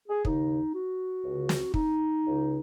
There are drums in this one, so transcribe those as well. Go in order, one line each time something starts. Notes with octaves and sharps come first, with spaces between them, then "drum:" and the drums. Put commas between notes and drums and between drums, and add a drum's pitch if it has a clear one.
G#4
D#2 C#3 D#4, drum: kick
F#4
C#2 C#3
drum: snare
D#4, drum: kick
C#2 C#3